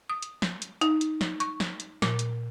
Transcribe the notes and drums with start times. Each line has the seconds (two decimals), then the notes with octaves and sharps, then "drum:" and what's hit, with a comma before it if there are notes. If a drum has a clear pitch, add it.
0.10 D#6
0.22 drum: hi-hat
0.42 drum: snare
0.62 drum: hi-hat
0.81 D#4, drum: hi-hat
1.01 drum: hi-hat
1.21 drum: snare
1.40 C#6, drum: hi-hat
1.60 drum: snare
1.80 drum: hi-hat
2.02 A#2, drum: snare
2.19 drum: hi-hat